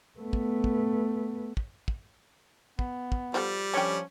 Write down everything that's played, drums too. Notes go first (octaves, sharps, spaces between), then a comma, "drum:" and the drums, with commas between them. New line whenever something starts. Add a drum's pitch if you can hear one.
A3 B3
drum: kick
drum: kick
drum: kick
drum: kick
B3, drum: kick
drum: kick
F3 G3 F#4 A4
D3 F3 C#4 G4